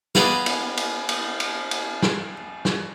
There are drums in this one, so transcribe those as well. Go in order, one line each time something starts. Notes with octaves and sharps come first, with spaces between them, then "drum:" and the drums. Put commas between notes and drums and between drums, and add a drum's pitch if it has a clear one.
B3 G#4 D5 D#5 F5, drum: snare
drum: cymbal
drum: cymbal
drum: cymbal
drum: cymbal
drum: cymbal
drum: snare
drum: snare